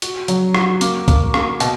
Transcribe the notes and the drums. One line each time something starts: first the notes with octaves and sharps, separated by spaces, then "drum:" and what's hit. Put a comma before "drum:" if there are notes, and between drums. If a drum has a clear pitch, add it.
F#4, drum: hi-hat
F#3, drum: hi-hat
F#4, drum: rim click
A#3, drum: hi-hat
A#3, drum: kick C2, hi-hat
A#3, drum: rim click
B2, drum: hi-hat